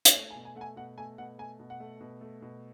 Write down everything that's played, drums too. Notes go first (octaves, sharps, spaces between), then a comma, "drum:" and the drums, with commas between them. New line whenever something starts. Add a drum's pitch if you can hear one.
drum: hi-hat
A3 C#5
G#5
B2
G#5
A3 F#5
G#5
B2 F#5
A3 G#5
B2 F#5
A3 G#5
B2
F#5
A3
B2
A3
B2